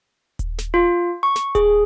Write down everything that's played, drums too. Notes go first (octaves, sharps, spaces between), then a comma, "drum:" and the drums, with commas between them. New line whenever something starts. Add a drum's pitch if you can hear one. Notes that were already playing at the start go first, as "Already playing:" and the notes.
drum: kick D#1, hi-hat
drum: snare
F4
C#6
drum: snare
G#4, drum: kick D#1, hi-hat